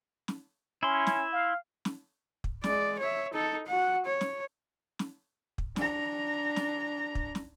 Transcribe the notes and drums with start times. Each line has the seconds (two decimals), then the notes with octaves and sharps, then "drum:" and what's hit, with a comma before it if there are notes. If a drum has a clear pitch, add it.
0.28 drum: snare
0.83 C#4 E4 C6
1.07 drum: snare
1.33 F5
1.85 drum: snare
2.44 drum: kick
2.64 G#3 D5, drum: snare
2.99 C#5 E5
3.34 D#4 A4
3.67 F#4 F#5
4.06 C#5
4.21 drum: snare
4.99 drum: snare
5.58 drum: kick
5.76 D4 A#5, drum: snare
6.56 drum: snare
7.15 drum: kick
7.35 drum: snare